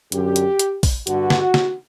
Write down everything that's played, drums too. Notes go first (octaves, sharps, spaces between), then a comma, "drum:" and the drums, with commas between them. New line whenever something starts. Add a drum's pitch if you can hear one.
F#2 D3 G4, drum: hi-hat
drum: hi-hat
drum: hi-hat
drum: kick, open hi-hat
G2 D3 F#4, drum: hi-hat
drum: snare
drum: snare